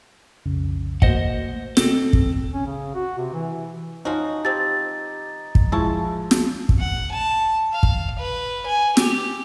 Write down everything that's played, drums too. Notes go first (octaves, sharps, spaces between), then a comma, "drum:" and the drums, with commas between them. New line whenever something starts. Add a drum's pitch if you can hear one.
B1 F2 C#3
A3 A#3 F#4 C5 D#5 F#5, drum: kick
C3 C4 A4, drum: snare
drum: kick
C#4
C#3
F#4
C3
E3
F3 C#4 D#4 F#4
F3 C4 G4 A6
drum: kick
F3 G#3 E4 A5 C#6
drum: snare
drum: kick
F#5
A5
F5
drum: kick
B4
G#5
G4, drum: snare